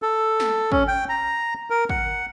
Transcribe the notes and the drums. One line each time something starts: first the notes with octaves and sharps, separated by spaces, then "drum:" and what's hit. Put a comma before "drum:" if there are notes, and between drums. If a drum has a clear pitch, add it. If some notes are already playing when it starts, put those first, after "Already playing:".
A4
drum: snare
C#4, drum: kick
G5
A#5
A#4
F#5, drum: kick